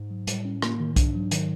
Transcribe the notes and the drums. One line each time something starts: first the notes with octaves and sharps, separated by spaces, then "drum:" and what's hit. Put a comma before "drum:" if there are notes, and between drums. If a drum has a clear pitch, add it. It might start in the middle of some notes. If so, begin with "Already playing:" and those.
Already playing: G#2
F#3
A2 G3, drum: hi-hat
C#4
A#3, drum: rim click
D#3
G#2 D4, drum: kick B1, hi-hat
F#3
D#3, drum: hi-hat